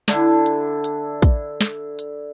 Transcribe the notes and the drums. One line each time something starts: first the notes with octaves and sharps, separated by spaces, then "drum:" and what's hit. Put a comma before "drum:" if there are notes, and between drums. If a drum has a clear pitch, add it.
D3 D4 E4, drum: snare
drum: hi-hat
drum: hi-hat
drum: kick, hi-hat
drum: snare
drum: hi-hat